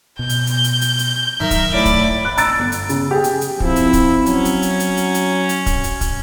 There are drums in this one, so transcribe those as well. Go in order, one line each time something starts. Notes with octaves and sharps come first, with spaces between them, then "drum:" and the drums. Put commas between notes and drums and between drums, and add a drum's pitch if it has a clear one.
B2 G6
drum: hi-hat
drum: hi-hat
drum: hi-hat
drum: hi-hat
drum: hi-hat
G#2 D#3 F#3 A#4 E5
drum: kick, hi-hat
A2 E4 D5 B5
drum: kick, hi-hat
B5 F#6
A#5 E6 A6 D7, drum: hi-hat
G1
drum: hi-hat
C#3, drum: hi-hat
G4 G#4
drum: hi-hat
drum: hi-hat
F3 C4 E4, drum: kick
drum: hi-hat
drum: kick, hi-hat
F#3 C#4, drum: hi-hat
drum: hi-hat
drum: hi-hat
drum: hi-hat
drum: hi-hat
drum: hi-hat
drum: hi-hat
drum: kick, hi-hat
drum: hi-hat
drum: kick, hi-hat